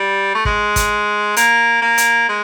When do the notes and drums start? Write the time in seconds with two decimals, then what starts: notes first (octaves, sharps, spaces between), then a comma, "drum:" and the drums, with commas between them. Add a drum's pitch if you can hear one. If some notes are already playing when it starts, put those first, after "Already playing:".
Already playing: G3
0.34 A3
0.45 G#3, drum: kick
0.76 drum: kick, hi-hat
1.36 A#3, drum: hi-hat
1.82 A#3
1.98 drum: hi-hat
2.28 G#3